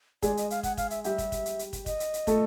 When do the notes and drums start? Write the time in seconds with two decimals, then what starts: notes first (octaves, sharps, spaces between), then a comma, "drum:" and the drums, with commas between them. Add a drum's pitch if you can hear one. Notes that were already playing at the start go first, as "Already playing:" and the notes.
0.22 G#3 G#4 D5, drum: kick, hi-hat
0.37 D#5, drum: hi-hat
0.50 F5, drum: hi-hat
0.63 F#5, drum: kick, hi-hat
0.77 F5, drum: kick, hi-hat
0.91 E5, drum: hi-hat
1.04 G3 G4 E5, drum: hi-hat
1.18 drum: kick, hi-hat
1.32 drum: kick, hi-hat
1.46 drum: hi-hat
1.59 drum: hi-hat
1.73 drum: kick, hi-hat
1.86 D#5, drum: kick, hi-hat
2.00 drum: hi-hat
2.14 drum: hi-hat
2.27 A3 A4, drum: kick, hi-hat